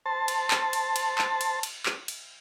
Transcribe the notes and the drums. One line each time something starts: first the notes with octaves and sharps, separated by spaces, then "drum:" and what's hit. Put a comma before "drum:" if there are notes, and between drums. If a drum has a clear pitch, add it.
C5 A5
drum: cymbal
drum: clap
drum: cymbal
drum: cymbal
drum: clap
drum: cymbal
drum: cymbal
drum: clap
drum: cymbal